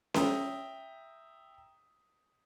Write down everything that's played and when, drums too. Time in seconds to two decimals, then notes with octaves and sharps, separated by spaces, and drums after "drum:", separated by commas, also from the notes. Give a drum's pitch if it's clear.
0.14 E5 G5 A#5 D#6, drum: snare C#4